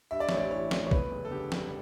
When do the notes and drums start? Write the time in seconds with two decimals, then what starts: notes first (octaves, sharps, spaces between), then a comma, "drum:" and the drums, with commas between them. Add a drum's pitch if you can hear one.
0.11 G2 E5
0.20 D5
0.29 A1 C#5, drum: snare
0.37 D5
0.51 E3 C#5
0.71 A3, drum: snare
0.87 C#5
0.91 E2 B4, drum: kick
1.11 F#1
1.25 A4
1.31 D3 G4
1.52 G3, drum: snare